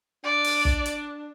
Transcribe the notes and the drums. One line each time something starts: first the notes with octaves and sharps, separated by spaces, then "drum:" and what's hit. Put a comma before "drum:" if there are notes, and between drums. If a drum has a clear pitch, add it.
D4 D5
drum: open hi-hat
drum: kick
drum: hi-hat